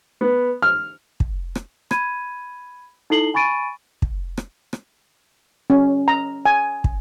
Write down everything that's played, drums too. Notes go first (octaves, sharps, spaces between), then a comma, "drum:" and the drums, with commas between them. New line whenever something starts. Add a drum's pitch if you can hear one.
B3
F6
drum: kick
drum: rim click
B5 G#6 D#7, drum: rim click
D#4 E4 A4 C7 F#7 G7
G#5 B5 C#6 A6 D7 D#7
drum: kick
drum: rim click
drum: rim click
C#4
A#5
G#5
drum: kick